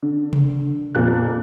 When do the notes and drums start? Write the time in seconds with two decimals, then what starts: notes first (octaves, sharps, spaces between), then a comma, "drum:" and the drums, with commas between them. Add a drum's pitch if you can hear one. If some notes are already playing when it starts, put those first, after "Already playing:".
0.03 D3
0.33 drum: tom C3
0.95 F2 A#2 F#6